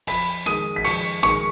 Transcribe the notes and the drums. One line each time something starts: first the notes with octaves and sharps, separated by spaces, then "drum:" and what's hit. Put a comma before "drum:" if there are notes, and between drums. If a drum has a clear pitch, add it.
F2 B5 B6, drum: open hi-hat
D#3 G#3 D#6 D#7, drum: hi-hat
B6
F2 C#6 C#7, drum: open hi-hat
D#3 G#3 C#6 C#7, drum: hi-hat